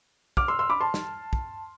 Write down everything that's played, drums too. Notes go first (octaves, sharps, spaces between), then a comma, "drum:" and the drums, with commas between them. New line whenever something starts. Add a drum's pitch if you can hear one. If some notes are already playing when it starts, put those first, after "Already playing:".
D6 F6, drum: kick
C6 E6
C6 E6
B5 D6
A5 C6
drum: snare
drum: kick